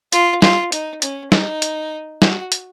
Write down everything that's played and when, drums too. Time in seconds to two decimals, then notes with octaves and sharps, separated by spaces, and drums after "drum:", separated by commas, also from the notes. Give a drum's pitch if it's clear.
0.12 F4, drum: hi-hat
0.42 F4, drum: snare
0.72 D#4, drum: hi-hat
1.02 C#4, drum: hi-hat
1.32 D#4, drum: snare
1.62 drum: hi-hat
2.22 F#4, drum: snare
2.52 drum: hi-hat